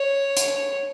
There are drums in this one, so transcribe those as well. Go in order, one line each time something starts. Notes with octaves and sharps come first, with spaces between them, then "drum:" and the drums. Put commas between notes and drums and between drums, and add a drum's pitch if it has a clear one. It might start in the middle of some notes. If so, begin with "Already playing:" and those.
Already playing: C#5
drum: hi-hat